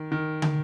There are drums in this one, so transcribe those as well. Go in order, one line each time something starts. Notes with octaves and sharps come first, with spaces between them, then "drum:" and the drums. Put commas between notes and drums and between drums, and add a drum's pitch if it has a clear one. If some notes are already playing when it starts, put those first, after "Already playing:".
Already playing: D#3
D#3
drum: tom